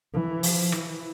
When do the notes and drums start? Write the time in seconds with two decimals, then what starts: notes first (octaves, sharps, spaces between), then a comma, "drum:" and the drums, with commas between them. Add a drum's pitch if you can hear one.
0.14 E3
0.43 F3, drum: open hi-hat
0.72 E3, drum: rim click